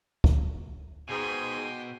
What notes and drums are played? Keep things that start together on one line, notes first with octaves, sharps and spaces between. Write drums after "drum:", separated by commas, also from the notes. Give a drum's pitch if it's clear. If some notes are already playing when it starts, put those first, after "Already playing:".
drum: kick
G#2 B2 G5 G#5 C6 D6